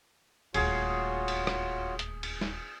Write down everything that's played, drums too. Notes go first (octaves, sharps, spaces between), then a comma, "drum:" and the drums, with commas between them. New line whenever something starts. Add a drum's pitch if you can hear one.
D#1 D2 F4 F#4 G#4 C#5, drum: cymbal
drum: cymbal
drum: rim click
drum: hi-hat
drum: cymbal
drum: snare